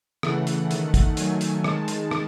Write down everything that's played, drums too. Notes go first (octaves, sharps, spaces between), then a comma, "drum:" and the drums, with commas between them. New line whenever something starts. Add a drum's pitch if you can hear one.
C#3 E3 A3 F#5, drum: rim click
drum: hi-hat
D#3 A3, drum: hi-hat
drum: kick, hi-hat
D#3 F#3 A3 G#5, drum: hi-hat
drum: hi-hat
D#3 G#3 A5, drum: rim click
drum: hi-hat
drum: rim click